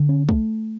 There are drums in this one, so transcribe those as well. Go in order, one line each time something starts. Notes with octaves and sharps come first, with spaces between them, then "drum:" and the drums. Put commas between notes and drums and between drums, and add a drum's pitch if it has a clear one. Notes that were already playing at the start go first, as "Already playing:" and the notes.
Already playing: D3
C#4
A3, drum: kick